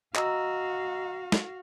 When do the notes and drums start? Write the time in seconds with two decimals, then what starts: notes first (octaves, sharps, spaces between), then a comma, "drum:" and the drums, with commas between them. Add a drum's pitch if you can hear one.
0.16 F#4 D#5 F5 A#5 E6, drum: clap
1.32 drum: snare